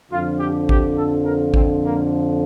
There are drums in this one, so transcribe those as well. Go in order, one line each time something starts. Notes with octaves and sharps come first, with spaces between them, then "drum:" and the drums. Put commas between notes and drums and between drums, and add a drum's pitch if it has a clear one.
F2 D3 F3 F4
G4
G4, drum: kick
A4
A#4
C4, drum: kick
A#3